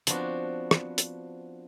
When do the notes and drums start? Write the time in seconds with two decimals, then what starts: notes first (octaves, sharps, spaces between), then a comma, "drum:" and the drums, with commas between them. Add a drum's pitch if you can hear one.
0.07 F3 B3 C4 D4 F#4, drum: hi-hat
0.71 drum: rim click
0.98 drum: hi-hat